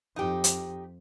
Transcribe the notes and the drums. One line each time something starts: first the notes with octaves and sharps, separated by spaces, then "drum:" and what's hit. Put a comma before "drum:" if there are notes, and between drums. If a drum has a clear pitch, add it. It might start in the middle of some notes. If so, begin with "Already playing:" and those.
F2 D#4 G4
drum: hi-hat